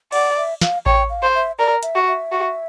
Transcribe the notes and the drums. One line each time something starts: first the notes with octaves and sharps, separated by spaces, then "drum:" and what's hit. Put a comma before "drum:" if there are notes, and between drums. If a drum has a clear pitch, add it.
D5 F#5, drum: cymbal
E5
F5, drum: snare
C#5 G5, drum: kick A1
F5
C5
E5
A#4 D5
E5, drum: hi-hat
F#4
E5
F#4